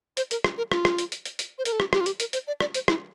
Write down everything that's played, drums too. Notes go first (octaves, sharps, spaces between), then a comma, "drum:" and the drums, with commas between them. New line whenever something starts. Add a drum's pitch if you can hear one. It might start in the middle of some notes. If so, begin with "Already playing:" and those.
C5, drum: hi-hat
A#4, drum: hi-hat
drum: rim click
A#4
F4, drum: rim click
drum: rim click
drum: hi-hat
drum: hi-hat
drum: hi-hat
drum: hi-hat
C5
A#4, drum: hi-hat
A4
G4, drum: rim click
G4, drum: rim click
F4
G4, drum: hi-hat
A#4, drum: hi-hat
C5, drum: hi-hat
D5
D5, drum: rim click
C5, drum: hi-hat
E4, drum: rim click